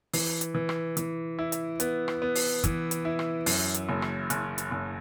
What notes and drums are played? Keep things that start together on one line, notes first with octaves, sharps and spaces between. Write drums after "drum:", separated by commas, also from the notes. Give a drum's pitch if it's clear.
E3, drum: open hi-hat
drum: hi-hat
E3
drum: rim click
E3, drum: hi-hat
E4
drum: hi-hat
B3, drum: hi-hat
drum: rim click
B3
drum: open hi-hat
E3, drum: kick, hi-hat
drum: hi-hat
E4
drum: rim click
F#2, drum: open hi-hat
drum: hi-hat
F#1
drum: rim click
F#1, drum: hi-hat
drum: hi-hat
F#1